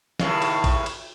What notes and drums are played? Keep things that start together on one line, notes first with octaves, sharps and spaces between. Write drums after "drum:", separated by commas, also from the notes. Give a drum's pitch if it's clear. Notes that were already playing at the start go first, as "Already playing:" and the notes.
D#2 A2 C#3, drum: snare
drum: cymbal
drum: kick, cymbal
drum: cymbal